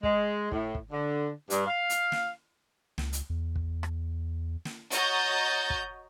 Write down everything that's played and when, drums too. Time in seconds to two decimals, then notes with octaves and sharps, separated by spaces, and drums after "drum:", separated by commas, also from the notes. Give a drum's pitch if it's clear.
0.03 G#3, drum: kick
0.52 A2, drum: kick
0.75 drum: kick
0.92 D3
1.50 G2, drum: hi-hat
1.67 F5
1.90 drum: hi-hat
2.12 drum: snare
2.98 C#2, drum: snare
3.13 drum: hi-hat
3.30 E2
3.56 drum: kick
3.83 drum: rim click
4.65 drum: snare
4.91 F#4 C#5 D#5 A#5 G6 A6, drum: hi-hat
5.70 drum: kick